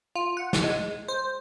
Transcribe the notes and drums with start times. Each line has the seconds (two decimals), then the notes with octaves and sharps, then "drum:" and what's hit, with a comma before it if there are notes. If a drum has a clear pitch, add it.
0.15 F4
0.37 F#5
0.53 drum: snare
0.64 G#3
1.08 C5